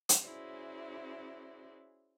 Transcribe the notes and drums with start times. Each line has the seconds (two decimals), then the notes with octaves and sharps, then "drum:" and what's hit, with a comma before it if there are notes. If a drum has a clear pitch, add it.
0.09 drum: hi-hat
0.22 C#4 E4 F#4 G#4 C5 D5